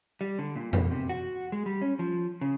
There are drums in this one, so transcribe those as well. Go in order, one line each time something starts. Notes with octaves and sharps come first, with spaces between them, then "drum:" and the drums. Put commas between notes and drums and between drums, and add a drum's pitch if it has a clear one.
G3
D3
A#2
B2, drum: tom F2
C3
F#4
G#3
G3
C#4
F3
C#3